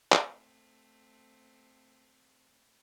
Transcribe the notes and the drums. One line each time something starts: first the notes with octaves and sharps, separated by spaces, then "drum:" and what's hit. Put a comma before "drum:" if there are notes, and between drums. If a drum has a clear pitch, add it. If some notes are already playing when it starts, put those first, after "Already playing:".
A3 C4, drum: clap